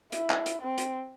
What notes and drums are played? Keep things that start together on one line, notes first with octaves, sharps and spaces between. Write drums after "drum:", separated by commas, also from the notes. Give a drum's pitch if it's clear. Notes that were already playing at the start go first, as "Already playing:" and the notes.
E4, drum: hi-hat
drum: clap
drum: hi-hat
C4
drum: hi-hat